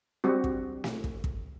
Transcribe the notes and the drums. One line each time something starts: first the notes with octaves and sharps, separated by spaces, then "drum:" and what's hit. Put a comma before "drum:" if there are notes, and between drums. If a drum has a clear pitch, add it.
G3 C4 F#4
drum: kick
drum: snare
drum: kick
drum: kick